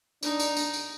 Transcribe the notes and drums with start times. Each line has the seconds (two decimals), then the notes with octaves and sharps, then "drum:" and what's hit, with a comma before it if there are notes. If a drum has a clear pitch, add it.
0.23 D4 D#4, drum: tambourine
0.40 drum: tambourine
0.57 drum: tambourine
0.74 drum: tambourine